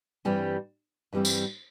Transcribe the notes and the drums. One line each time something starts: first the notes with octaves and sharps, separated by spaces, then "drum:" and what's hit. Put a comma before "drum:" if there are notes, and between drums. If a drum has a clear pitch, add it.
G2 E3 G3 C4 G4
G2 E3 G3 C4 G4
drum: tambourine